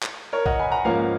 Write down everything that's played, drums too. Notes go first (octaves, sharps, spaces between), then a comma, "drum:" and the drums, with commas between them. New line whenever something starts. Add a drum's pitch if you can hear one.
drum: clap
A#4 C#5
D#5 F#5, drum: kick B1
G#5 B5
F#5 A#5
G#2 F3 A#3 C#4 F5 G#5